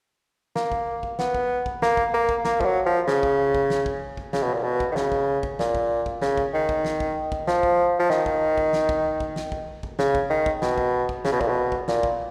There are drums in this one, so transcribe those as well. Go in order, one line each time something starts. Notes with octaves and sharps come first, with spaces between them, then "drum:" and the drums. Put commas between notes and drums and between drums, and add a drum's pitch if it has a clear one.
A#3, drum: snare
drum: kick
drum: kick
B3, drum: snare
drum: kick
drum: kick
A#3, drum: snare
drum: kick
A#3
drum: kick
A#3, drum: snare
F3, drum: kick
F#3
F3
C#3, drum: snare
drum: kick
drum: kick
drum: snare
drum: kick
drum: kick
C#3, drum: snare
B2
A#2
B2
drum: kick
D#3
C#3, drum: snare
drum: kick
drum: kick
A#2, drum: snare
drum: kick
drum: kick
C#3, drum: snare
drum: kick
D#3
drum: kick
drum: snare
drum: kick
drum: kick
F3, drum: snare
drum: kick
F3
D#3, drum: snare
drum: kick
drum: kick
drum: snare
drum: kick
drum: kick
drum: snare
drum: kick
drum: kick
C#3, drum: snare
drum: kick
D#3
drum: kick
B2, drum: snare
drum: kick
drum: kick
C#3, drum: snare
B2
A#2, drum: kick
B2
drum: kick
A#2, drum: snare
drum: kick